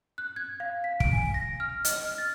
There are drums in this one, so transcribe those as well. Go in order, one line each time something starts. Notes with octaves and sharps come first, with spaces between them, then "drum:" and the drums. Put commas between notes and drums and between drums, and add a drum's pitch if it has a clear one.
F#6
G#6
F5
B6
D7, drum: kick
G#5
A#6
F6
D#5, drum: hi-hat
F6
A6